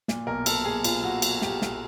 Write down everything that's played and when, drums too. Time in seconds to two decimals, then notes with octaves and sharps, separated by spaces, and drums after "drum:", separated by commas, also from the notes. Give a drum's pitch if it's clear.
0.08 A#2, drum: snare
0.27 B1 A#4
0.46 B1 A4, drum: cymbal
0.65 A#2 G#4
0.84 A#2 F4, drum: cymbal
1.03 A#2 F#4
1.22 A#2 F#4, drum: cymbal
1.42 A#2 G4, drum: snare
1.62 B1, drum: snare